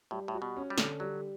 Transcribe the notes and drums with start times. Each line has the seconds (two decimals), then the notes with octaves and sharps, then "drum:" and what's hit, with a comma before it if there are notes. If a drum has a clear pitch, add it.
0.11 A2 G3
0.28 A2
0.34 F#4
0.42 B2
0.57 C#4
0.70 G3
0.78 D3, drum: snare
1.00 F#3 G3